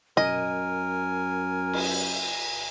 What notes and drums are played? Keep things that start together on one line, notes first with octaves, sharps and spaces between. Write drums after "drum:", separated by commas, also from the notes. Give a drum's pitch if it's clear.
F#2 A#4 D#5 G#5, drum: tom B2
drum: cymbal